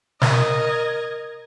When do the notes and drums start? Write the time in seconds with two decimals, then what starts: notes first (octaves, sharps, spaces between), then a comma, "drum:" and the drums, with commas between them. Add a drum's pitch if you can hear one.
0.21 A#4 D#5 G#6, drum: snare